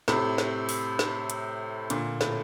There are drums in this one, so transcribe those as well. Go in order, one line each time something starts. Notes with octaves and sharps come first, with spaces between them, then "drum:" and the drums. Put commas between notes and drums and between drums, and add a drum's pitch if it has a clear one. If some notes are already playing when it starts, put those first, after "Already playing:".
A2 C3, drum: snare
drum: snare
drum: open hi-hat
drum: snare
drum: hi-hat
A#2 D3, drum: hi-hat
A2, drum: snare